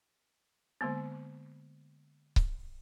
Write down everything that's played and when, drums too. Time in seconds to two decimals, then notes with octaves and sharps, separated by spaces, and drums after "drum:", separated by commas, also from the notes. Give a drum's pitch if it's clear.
0.81 D3 G#3 A#3 B3
2.36 drum: kick C#1